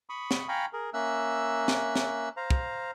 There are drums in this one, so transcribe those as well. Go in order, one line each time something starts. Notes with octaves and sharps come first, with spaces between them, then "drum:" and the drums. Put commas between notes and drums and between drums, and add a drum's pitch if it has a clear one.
B5 C#6 D#6
drum: snare
F5 G5 G#5 A#5 B5 C#6
G#4 A#4
A#3 C#4 E5 E6 F#6
drum: snare
drum: snare
C5 F5 A#5
drum: kick